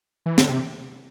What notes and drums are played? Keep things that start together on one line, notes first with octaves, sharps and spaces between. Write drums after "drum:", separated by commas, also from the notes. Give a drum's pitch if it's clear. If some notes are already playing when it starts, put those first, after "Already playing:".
E3
D3, drum: snare
C3